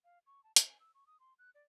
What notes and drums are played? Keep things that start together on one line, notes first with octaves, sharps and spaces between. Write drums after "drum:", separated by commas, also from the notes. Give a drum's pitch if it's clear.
F5
C#6
A5
F5, drum: hi-hat
G#5
E6
C#6
D#6
C6
F#6
D5